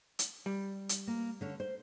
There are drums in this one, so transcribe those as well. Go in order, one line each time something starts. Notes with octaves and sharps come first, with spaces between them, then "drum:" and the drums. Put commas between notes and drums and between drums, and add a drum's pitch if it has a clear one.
drum: hi-hat
G3
drum: hi-hat
A#3
D3 C#4
C5